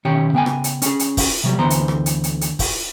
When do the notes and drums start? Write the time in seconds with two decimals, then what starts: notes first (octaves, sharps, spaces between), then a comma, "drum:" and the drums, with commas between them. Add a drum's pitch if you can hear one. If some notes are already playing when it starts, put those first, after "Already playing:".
0.05 B1 D#3 C#4 G4 C#5 G5
0.33 C#3 B3 G5 G#5
0.46 drum: rim click
0.64 drum: hi-hat
0.82 C#4 G#4, drum: hi-hat
0.99 drum: hi-hat
1.17 drum: kick, open hi-hat
1.44 C3 F#3 G3
1.58 D2 D3 E3 B3 C5 A#5
1.70 drum: hi-hat
1.88 drum: rim click
2.06 drum: hi-hat
2.24 drum: hi-hat
2.41 drum: hi-hat
2.59 drum: kick, open hi-hat